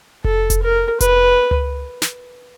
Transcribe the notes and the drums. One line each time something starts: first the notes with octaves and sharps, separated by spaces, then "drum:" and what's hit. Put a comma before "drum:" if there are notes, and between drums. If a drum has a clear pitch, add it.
A4, drum: kick F1
drum: kick F1, hi-hat
A#4
B4, drum: kick F1, hi-hat
drum: tom C#2
drum: snare